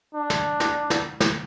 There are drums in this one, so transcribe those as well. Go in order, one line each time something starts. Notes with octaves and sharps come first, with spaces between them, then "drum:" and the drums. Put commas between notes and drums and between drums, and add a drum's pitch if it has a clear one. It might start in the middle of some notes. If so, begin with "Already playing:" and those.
D4
drum: snare
drum: snare
drum: snare
drum: snare